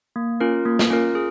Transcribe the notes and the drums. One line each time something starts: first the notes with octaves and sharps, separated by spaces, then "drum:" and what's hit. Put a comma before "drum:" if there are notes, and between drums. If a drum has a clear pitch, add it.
A#3
C#4 F4 A#4
A#3
drum: snare
C#4 F4 A#4
G#4